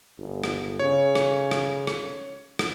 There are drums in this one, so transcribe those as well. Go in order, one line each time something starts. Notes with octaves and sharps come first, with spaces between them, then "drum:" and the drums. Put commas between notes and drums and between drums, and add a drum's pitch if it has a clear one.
G1
drum: rim click
C#3 C#5
drum: rim click
drum: rim click
drum: rim click
drum: rim click